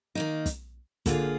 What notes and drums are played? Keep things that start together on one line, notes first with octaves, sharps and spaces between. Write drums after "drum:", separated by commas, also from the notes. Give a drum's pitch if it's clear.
D#3 A#3 D#4
drum: kick, hi-hat
D3 A#3 F4 G#4, drum: kick, hi-hat